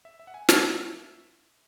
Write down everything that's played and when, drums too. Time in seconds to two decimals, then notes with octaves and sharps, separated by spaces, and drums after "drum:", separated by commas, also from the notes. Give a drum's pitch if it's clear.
0.05 E5
0.20 E5
0.27 F#5
0.34 G#5
0.49 F#5, drum: snare
0.63 E5